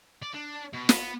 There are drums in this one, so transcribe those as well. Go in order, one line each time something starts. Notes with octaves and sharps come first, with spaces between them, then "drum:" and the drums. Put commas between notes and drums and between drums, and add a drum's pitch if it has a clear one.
D5
D4
B2
B3, drum: snare